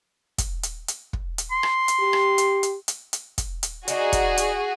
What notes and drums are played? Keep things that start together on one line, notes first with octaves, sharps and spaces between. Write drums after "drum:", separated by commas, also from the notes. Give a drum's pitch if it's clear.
drum: kick, hi-hat
drum: hi-hat
drum: hi-hat
drum: kick
drum: hi-hat
C6
drum: rim click
drum: hi-hat
G4
drum: rim click
drum: hi-hat
drum: hi-hat
drum: hi-hat
drum: hi-hat
drum: kick, hi-hat
drum: hi-hat
D4 D#4 F#4 G#4, drum: hi-hat
drum: kick, hi-hat
drum: hi-hat